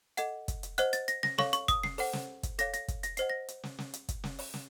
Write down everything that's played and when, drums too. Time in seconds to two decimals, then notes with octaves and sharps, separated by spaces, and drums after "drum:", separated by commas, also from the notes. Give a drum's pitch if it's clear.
0.17 A4 D#5 F#5, drum: hi-hat
0.48 drum: kick, hi-hat
0.63 drum: hi-hat
0.78 C5 D#5 F#5 F#6, drum: hi-hat
0.93 A6, drum: hi-hat
1.08 A#6, drum: hi-hat
1.23 A#6, drum: snare
1.38 A4 C#5 F5 C#6, drum: snare
1.53 C#6, drum: hi-hat
1.68 D#6, drum: kick, hi-hat
1.83 C7, drum: snare
1.98 A4 C5 F#5, drum: open hi-hat
2.13 drum: snare
2.43 drum: kick, hi-hat
2.59 A4 C#5 F5 A#6, drum: hi-hat
2.74 A#6, drum: hi-hat
2.88 drum: kick, hi-hat
3.03 A#6, drum: hi-hat
3.17 C5 D#5 F#5 C7, drum: hi-hat
3.30 A#6
3.48 drum: hi-hat
3.63 drum: snare
3.79 drum: snare
3.94 drum: hi-hat
4.09 drum: kick, hi-hat
4.24 drum: snare
4.39 drum: open hi-hat
4.54 drum: snare